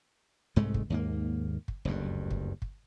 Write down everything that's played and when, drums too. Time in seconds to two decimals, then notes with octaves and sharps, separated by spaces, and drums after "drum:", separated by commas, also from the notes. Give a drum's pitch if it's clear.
0.56 C2 G#2 G#3 A3
0.74 drum: kick
0.90 D#2 G#2 A#3
1.68 drum: kick
1.85 F#1 D2 G2
2.31 drum: kick
2.62 drum: kick